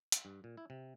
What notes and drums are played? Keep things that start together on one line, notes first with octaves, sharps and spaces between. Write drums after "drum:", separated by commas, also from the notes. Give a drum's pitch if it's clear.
drum: hi-hat
G2
A#2
E4
C3